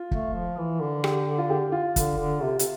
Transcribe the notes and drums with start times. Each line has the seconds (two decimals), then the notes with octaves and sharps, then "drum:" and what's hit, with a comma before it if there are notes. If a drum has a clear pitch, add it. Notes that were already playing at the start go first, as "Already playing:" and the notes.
Already playing: F4
0.11 A3, drum: kick
0.34 F3
0.58 E3
0.81 D3
1.04 G4, drum: rim click
1.38 F4
1.50 G4
1.72 F4
1.96 D3, drum: kick, hi-hat
2.18 D3
2.42 C3
2.59 C3, drum: hi-hat